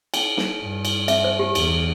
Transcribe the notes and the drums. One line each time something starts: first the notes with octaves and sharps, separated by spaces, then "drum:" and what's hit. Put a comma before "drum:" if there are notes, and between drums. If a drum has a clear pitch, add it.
G5, drum: cymbal
drum: snare
G2
drum: cymbal
E5, drum: cymbal
C5
G4
E2, drum: cymbal